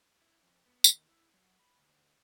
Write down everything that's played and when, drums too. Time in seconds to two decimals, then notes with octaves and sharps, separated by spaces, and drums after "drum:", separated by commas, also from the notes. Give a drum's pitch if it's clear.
0.22 E4
0.43 F2
0.66 B3
0.84 D#2, drum: tambourine
1.08 E4
1.34 F#3
1.59 B5
1.78 D2